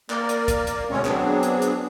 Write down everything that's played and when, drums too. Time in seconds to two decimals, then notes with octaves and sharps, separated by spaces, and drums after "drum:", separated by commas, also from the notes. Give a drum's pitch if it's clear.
0.10 A#3 A#4 D5, drum: clap
0.29 drum: hi-hat
0.48 drum: kick C2, hi-hat
0.67 drum: hi-hat
0.91 D2 B2 G#3 C4 C#4 C#5
1.05 F#3 B3 C4 D4 G#4, drum: clap
1.43 drum: hi-hat
1.62 drum: hi-hat